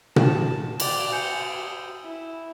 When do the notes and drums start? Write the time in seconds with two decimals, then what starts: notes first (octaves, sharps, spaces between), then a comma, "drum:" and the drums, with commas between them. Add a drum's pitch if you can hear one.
0.16 A5, drum: tom A#2
0.80 D5 G5, drum: cymbal
1.12 G5 G#5 D#6 G6 C#7
2.03 E4